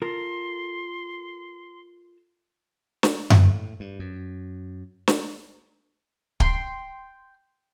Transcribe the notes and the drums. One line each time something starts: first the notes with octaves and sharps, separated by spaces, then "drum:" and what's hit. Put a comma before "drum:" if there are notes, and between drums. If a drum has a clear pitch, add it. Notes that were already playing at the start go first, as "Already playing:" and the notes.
F4 A4 A#4 C6
drum: snare
A2, drum: tom F#2
G2
F#2
drum: snare
G5 C6, drum: kick